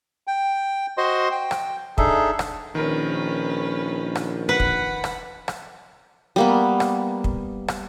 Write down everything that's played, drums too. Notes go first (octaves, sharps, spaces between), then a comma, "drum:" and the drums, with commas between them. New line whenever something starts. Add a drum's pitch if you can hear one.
G5
F#4 C5 D#5 C6
G5
drum: rim click
D4 D#4 G#4 A4 E5, drum: kick
drum: rim click
A#1 D#3 C#4 A#4 B4
drum: rim click
B4 F#5 B5
drum: kick
drum: rim click
drum: rim click
G3 A#3 B3
drum: rim click
drum: kick
drum: rim click